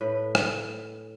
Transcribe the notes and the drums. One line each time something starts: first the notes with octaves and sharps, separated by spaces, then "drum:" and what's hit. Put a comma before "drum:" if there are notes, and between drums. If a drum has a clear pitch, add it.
A2 B4
drum: rim click